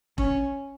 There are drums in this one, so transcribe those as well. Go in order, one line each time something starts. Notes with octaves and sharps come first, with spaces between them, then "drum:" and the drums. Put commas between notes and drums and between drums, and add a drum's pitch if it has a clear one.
C#4, drum: kick E1